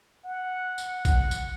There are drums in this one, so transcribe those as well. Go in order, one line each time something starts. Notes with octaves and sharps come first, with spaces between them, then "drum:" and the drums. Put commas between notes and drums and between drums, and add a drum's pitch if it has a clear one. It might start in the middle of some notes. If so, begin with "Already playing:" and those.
F#5
drum: tambourine
F#5, drum: kick A1, tambourine
drum: tambourine